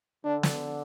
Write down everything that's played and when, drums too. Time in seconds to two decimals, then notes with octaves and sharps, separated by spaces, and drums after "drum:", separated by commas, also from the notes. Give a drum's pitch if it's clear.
0.24 D3 D4
0.43 drum: snare